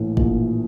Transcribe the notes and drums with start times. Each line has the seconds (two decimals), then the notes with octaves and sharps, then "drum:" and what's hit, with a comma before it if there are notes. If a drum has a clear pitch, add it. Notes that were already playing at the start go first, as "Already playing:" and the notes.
Already playing: A#1 A2 E3
0.17 A#1, drum: kick